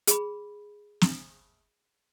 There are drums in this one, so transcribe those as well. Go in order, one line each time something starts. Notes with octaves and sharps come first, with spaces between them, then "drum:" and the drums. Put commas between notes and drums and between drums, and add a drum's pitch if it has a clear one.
G#4 B5, drum: hi-hat
drum: snare